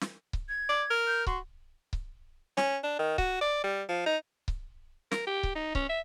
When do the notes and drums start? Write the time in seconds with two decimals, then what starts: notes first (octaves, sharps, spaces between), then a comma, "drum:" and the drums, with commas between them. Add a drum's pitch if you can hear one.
0.01 drum: snare
0.33 drum: kick C#1
0.49 G#6
0.69 D5
0.90 A#4
1.07 G6
1.27 F#4 C6, drum: kick C#1
1.93 drum: kick C#1
2.57 C#4, drum: snare
2.84 D4
2.99 D#3
3.18 F#4, drum: kick C#1
3.41 D5
3.64 G3
3.89 F3
4.06 D#4
4.48 drum: kick C#1
5.12 A#4, drum: snare
5.27 G4
5.43 drum: kick C#1
5.55 D#4
5.75 C#4, drum: kick C#1
5.89 E5